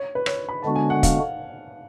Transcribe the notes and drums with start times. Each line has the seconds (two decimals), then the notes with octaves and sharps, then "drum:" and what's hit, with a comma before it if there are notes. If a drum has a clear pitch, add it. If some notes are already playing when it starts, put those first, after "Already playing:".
Already playing: C#5
0.15 B4
0.26 C#5, drum: rim click
0.49 B5
0.62 D3 G#3 B3 D4 F#4 A5
0.76 G#5
0.90 F#5
1.03 F5, drum: kick, hi-hat